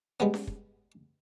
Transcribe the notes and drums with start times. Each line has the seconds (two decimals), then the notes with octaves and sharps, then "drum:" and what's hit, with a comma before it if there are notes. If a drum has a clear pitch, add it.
0.20 G3 G#3 B3 C#4
0.34 drum: snare C#4
0.47 drum: kick